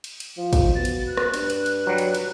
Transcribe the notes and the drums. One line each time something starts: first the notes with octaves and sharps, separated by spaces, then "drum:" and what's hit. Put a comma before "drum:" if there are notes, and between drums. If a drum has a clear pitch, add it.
drum: cymbal
drum: cymbal
F3
drum: kick, cymbal
B2 A6
drum: cymbal
F#6
drum: rim click
G2, drum: cymbal
drum: cymbal
drum: cymbal
F#3 G3
drum: cymbal
drum: cymbal